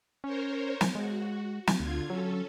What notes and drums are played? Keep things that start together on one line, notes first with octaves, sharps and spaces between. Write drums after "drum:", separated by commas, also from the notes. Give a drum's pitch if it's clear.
C#4 A#4 C5 C#5
drum: snare
G#3 F#4
drum: snare
D2 D3 F4 G#6
F#3 C#4 A4